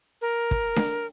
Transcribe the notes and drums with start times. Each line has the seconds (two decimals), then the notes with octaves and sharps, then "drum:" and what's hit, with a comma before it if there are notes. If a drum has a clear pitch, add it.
0.21 A#4
0.51 drum: kick
0.76 drum: snare D4